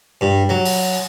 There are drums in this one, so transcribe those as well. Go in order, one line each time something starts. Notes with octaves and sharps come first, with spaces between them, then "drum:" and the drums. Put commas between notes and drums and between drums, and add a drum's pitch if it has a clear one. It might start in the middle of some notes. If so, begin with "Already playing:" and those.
G2
F#3
drum: open hi-hat